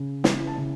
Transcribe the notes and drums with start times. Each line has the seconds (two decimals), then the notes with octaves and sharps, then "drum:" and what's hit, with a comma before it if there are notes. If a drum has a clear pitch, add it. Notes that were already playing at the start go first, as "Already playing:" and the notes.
Already playing: C#3
0.24 E3, drum: snare
0.47 A5
0.58 C#3